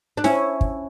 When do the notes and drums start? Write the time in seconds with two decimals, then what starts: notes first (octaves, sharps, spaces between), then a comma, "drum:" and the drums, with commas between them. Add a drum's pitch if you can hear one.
0.17 D4
0.24 C#4 E4, drum: snare
0.61 drum: kick